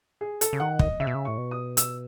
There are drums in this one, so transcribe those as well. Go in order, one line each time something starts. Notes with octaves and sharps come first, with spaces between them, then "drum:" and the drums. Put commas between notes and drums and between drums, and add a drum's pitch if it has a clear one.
G#4
A4, drum: hi-hat
C#3
D#3 F#5
D#5, drum: kick
C#3 E5
B2
C#3
A2 C#6
B2
D#6
E6, drum: hi-hat